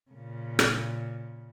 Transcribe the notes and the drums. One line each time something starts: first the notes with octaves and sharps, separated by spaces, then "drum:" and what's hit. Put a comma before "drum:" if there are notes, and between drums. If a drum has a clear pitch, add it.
A#2 C#3
drum: rim click